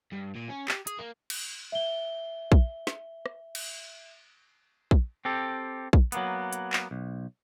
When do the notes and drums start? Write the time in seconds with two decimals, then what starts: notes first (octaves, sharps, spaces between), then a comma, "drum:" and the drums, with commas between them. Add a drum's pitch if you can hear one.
0.12 G2
0.36 A#2
0.50 C#4
0.68 G4, drum: clap
0.87 G#4, drum: hi-hat
0.99 A#3
1.30 drum: cymbal
1.72 E5 G7
2.52 drum: kick A#1
2.87 drum: snare
3.26 drum: rim click
3.55 drum: cymbal
4.91 drum: kick A#1
5.25 C4 G4 A4
5.93 drum: kick A#1
6.12 F#3 A#3 B3, drum: hi-hat
6.53 drum: hi-hat
6.73 drum: clap
6.91 B1